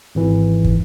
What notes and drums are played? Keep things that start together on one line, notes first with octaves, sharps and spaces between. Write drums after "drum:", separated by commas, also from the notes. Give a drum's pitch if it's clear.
G#1 E3
drum: kick